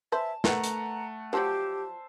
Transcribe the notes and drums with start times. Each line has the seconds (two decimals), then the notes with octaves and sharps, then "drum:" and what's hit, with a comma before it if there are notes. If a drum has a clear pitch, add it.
0.12 B4 C5 E5 A5
0.44 D#3 A3 B3 F#5 A#5, drum: snare
0.64 drum: hi-hat
1.33 D#3 F3 F#3 G4 C5 E5 A5